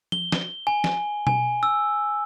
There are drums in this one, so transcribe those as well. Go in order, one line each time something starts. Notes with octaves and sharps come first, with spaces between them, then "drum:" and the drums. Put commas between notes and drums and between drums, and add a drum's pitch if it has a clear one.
G7, drum: tom F3
drum: snare
G#5
drum: snare
G#5, drum: tom B2
E6